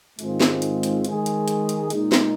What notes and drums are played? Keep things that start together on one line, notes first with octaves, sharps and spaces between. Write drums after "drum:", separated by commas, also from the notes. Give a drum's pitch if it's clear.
G#2 D#3 G#3 C4 F4, drum: hi-hat
drum: snare
drum: hi-hat
drum: hi-hat
D#3 G#3 D#4 G#4, drum: hi-hat
drum: hi-hat
drum: hi-hat
drum: hi-hat
A#2 G#3 D#4, drum: hi-hat
drum: snare